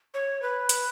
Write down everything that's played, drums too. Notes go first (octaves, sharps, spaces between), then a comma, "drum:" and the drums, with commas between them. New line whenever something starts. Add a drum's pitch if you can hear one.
C#5
B4
drum: hi-hat